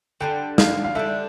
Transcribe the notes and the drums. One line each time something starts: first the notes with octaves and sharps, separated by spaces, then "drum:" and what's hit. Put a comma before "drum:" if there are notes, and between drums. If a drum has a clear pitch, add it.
D3 G3 D4 G5
F5, drum: snare
F5
D3 G3 D4 E5